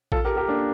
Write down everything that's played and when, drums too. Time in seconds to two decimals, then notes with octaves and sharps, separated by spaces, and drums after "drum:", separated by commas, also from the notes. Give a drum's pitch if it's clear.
0.12 F4 A4, drum: kick A#1
0.25 G4 A#4
0.36 G4 A#4
0.48 A#3 D4